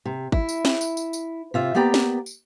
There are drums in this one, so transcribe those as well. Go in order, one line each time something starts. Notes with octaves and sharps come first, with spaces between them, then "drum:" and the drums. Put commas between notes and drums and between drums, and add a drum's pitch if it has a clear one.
C3
E4, drum: kick G#1
drum: tambourine
drum: snare
drum: tambourine
drum: tambourine
drum: tambourine
C3 F4 E5
A#3 B3 G4 D5 G5 A#5
drum: snare
drum: tambourine